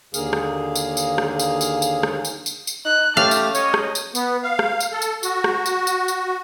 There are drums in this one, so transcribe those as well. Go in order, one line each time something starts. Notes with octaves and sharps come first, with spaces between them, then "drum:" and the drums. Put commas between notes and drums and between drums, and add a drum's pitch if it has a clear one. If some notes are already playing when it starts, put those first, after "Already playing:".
D#2 D3 A#3 G#4 F5, drum: tambourine
drum: rim click
drum: tambourine
drum: tambourine
drum: rim click
drum: tambourine
drum: tambourine
drum: tambourine
drum: rim click
drum: tambourine
drum: tambourine
drum: tambourine
D#4 F#6
A3 C#4 G4 F5 A5
drum: tambourine
C#5 D#5, drum: tambourine
drum: rim click
drum: tambourine
B3, drum: tambourine
F5
drum: rim click
drum: tambourine
A4
drum: tambourine
F#4, drum: tambourine
drum: rim click
drum: tambourine
drum: tambourine
drum: tambourine